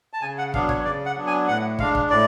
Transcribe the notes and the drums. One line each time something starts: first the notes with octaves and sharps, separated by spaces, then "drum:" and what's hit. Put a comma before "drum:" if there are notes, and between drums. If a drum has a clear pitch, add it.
A5
C#3 G#5
F#5
F#3 B3 D4 F5, drum: kick
C#5, drum: kick
C#3 D5
F#5
F#3 B3 D4
G#5
A2 F#5
G#3 D4 F5, drum: kick
drum: kick
A2 D5